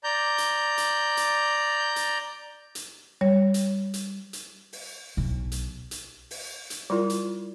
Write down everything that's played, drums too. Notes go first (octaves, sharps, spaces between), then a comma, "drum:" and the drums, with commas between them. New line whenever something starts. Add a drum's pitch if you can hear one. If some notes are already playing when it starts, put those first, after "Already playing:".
D5 A#5 G6
drum: hi-hat
drum: hi-hat
drum: hi-hat
drum: hi-hat
drum: hi-hat
G3 C#5
drum: hi-hat
drum: hi-hat
drum: hi-hat
drum: open hi-hat
B1
drum: hi-hat
drum: hi-hat
drum: open hi-hat
drum: hi-hat
G3 E4 F4 A#4
drum: hi-hat